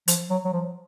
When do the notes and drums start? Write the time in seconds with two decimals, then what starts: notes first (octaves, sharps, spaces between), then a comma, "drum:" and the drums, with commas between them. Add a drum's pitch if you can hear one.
0.08 F3, drum: hi-hat
0.30 F#3
0.45 F#3
0.53 F3